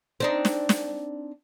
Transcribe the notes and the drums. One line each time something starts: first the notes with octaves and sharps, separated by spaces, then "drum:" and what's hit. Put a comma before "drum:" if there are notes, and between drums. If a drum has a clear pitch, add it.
C4 D4 D#4
drum: snare
drum: snare